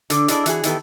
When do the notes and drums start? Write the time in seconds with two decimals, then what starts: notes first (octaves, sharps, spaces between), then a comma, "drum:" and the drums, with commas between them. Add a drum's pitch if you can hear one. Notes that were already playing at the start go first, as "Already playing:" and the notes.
0.10 D3 D4, drum: hi-hat
0.28 D4 E4 G#4 D5 D#5, drum: hi-hat
0.46 E3 F#4 G#4, drum: hi-hat
0.63 D#3 E3 B3 G4 A4, drum: hi-hat